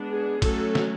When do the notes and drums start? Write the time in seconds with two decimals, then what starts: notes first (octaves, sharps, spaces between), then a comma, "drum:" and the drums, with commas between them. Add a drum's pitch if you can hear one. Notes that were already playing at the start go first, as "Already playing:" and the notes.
Already playing: G#3 B3 D4
0.09 G#4
0.42 F#3 A3 C#4 A4, drum: kick, cymbal
0.75 drum: snare